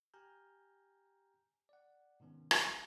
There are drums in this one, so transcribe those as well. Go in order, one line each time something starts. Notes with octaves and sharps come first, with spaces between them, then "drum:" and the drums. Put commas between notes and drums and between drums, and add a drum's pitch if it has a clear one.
G4 G#5 A#5 F6 G6
D5 F#5
G#2 C3 D#3 B3 C#4
drum: rim click